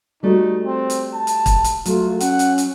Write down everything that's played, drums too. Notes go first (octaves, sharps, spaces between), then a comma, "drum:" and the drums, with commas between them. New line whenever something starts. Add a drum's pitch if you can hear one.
G3 A3 D#4 F#4
C4
drum: hi-hat
A5
drum: hi-hat
drum: kick, hi-hat
drum: hi-hat
F#3 A3 F4, drum: hi-hat
C#4 F#5, drum: hi-hat
drum: hi-hat
drum: hi-hat